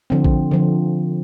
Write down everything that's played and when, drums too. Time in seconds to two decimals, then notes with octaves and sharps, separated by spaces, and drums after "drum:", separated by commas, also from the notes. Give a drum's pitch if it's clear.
0.10 D3 F3 C4
0.24 drum: kick A#1
0.51 D3 F3